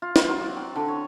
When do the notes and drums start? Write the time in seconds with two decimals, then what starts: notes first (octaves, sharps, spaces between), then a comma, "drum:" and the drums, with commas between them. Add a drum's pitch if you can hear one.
0.02 F4
0.16 F4, drum: snare
0.28 F#3
0.41 D5
0.56 C4
0.76 D3
0.88 C#5